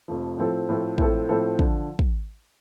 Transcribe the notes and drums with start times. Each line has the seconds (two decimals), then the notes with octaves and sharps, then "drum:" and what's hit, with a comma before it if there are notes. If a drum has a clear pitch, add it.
0.08 F1 F2 F3
0.37 A2 F3 C4 A4
0.69 A2 F3 C4 A4
0.98 A2 F3 C4 A4, drum: kick
1.29 A2 F3 C4 A4
1.59 D3 F3, drum: kick
1.99 drum: kick